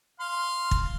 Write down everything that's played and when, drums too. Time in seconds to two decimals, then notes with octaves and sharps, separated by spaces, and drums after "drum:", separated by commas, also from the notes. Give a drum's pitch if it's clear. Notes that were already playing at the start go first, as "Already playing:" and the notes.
0.20 F5 C6
0.71 drum: kick